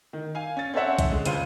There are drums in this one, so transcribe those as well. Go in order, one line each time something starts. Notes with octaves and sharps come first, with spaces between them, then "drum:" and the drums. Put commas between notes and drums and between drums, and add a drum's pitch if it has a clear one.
D#3
F5 G#5
C#4 A6
C4 C#4 A4 C#5 E5 F#5
drum: kick, hi-hat
D3 G#3
C#2 F4 C5 F5 D#7, drum: hi-hat